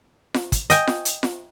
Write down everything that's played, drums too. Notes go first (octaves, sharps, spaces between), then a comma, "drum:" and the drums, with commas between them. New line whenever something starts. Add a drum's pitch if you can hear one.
drum: snare F4
drum: kick, hi-hat
D#5 G5 G#5, drum: hi-hat
drum: snare F4
drum: hi-hat
drum: snare F4